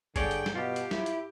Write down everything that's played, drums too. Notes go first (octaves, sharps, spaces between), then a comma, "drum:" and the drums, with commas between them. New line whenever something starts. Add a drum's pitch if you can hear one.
G2 D3 G#4 C#5 D5 G5, drum: kick G#1, hi-hat
drum: hi-hat
drum: snare
B2 F4 G4
drum: hi-hat
E4, drum: snare
drum: hi-hat